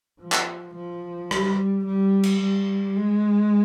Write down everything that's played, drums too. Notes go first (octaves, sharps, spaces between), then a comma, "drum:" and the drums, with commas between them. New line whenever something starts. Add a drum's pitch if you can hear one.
F3
drum: clap
F3
G3, drum: rim click
G3
drum: cymbal
G3
G#3